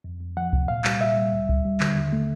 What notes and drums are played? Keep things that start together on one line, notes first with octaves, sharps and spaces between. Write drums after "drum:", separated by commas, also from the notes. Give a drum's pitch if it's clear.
F2
F2
F3 F#5
C3, drum: kick C2
A#2 F5
G3, drum: clap
A#2 E5
G3
D2
D2, drum: kick C2
G3
D3, drum: clap
D#2
A3